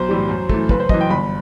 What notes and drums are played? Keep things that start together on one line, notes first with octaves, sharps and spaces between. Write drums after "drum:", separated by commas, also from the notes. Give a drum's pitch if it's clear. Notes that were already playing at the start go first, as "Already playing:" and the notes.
Already playing: B1 C5
A2 E3 G3
F#2
E3 A3, drum: kick
F#1 B4, drum: kick
C5
F#2 E3 D#5, drum: kick
G5
G1 B5